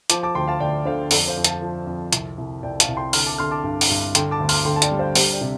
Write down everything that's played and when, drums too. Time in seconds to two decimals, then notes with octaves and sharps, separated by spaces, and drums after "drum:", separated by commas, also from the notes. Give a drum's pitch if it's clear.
0.10 F3 A5 D6, drum: hi-hat
0.23 A5 D6
0.35 D2 G5 C6
0.48 F5 A5
0.60 D2 D5 G5
0.85 D3 C5 F5
1.11 F2 A4 D5, drum: open hi-hat
1.28 C5 F5
1.37 F2
1.44 F5 A5, drum: hi-hat
1.62 F3
1.87 F2
2.13 C2, drum: hi-hat
2.38 C2
2.63 C2 D5 G5
2.80 F5 A5, drum: hi-hat
2.88 C2
2.96 G5 C6
3.13 D3 C6 F6, drum: open hi-hat
3.27 A5 D6
3.38 D3 C6 F6
3.51 A5 D6
3.64 G2
3.81 drum: open hi-hat
3.90 G2
4.15 D3 G5 C6, drum: hi-hat
4.31 A5 D6
4.40 D2
4.49 C6 F6, drum: open hi-hat
4.65 D3 G5 C6
4.76 A5
4.82 D5 G5, drum: hi-hat
4.91 G3
4.99 C5 F5
5.15 G3 G4 C5, drum: open hi-hat
5.32 D5 G5
5.41 C3